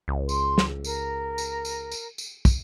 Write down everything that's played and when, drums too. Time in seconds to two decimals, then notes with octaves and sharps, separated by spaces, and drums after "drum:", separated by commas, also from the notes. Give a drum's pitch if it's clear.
0.08 C#2
0.29 C6, drum: tambourine
0.58 drum: snare
0.84 A#4, drum: tambourine
1.38 drum: tambourine
1.65 drum: tambourine
1.92 drum: tambourine
2.18 drum: tambourine
2.45 drum: kick, tambourine